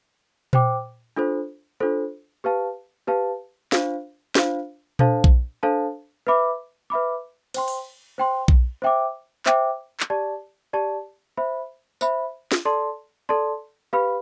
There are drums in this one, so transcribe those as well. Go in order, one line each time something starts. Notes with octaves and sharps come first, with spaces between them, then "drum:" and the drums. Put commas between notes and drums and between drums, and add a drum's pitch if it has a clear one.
C5 G5 D6, drum: tom A#2
D4 F4 A4 C5
D4 F4 A4 C5
G4 B4 F5 A5
G4 B4 F5 A5
D4 F4 C5 F5, drum: snare
D4 F4 C5 F5, drum: snare
D4 A4 C5 F5 A5, drum: tom A#2
drum: kick B1
D4 A4 C5 F5 A5
B4 E5 B5 D6
B4 E5 B5 D6
C5 G5 C6, drum: cymbal
drum: open hi-hat
C5 G5 C6
drum: kick B1
C5 E5 G5 D6
C5 E5 G5 D6, drum: clap
drum: clap
G4 D5 A5
G4 D5 A5
C5 E5 B5
C5 E5 B5, drum: tambourine
drum: snare
A4 D5 A5 C6
A4 D5 A5 C6
G4 B4 F5 B5